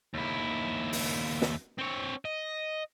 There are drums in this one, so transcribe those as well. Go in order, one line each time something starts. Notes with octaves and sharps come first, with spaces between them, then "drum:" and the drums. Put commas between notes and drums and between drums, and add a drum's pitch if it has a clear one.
D#2 E4
drum: open hi-hat
drum: snare
C4 C#5
D#5